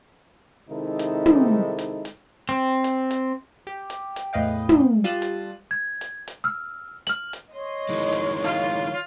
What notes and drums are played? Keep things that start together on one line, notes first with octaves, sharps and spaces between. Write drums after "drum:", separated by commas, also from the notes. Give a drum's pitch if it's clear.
C3 D#3 G#3 D#4 E4 A4
drum: hi-hat
drum: tom
drum: hi-hat
drum: hi-hat
C4
drum: hi-hat
drum: hi-hat
G4
drum: hi-hat
drum: hi-hat
E2 A2 B4 D#5 F5 G5
drum: tom
G3 F4 A5 D#6 F#6
drum: hi-hat
G#6
drum: hi-hat
drum: hi-hat
E6 F6
F6 F#7, drum: hi-hat
drum: hi-hat
C#5 D#5 C6
D#3 E3 G#3
drum: hi-hat
F4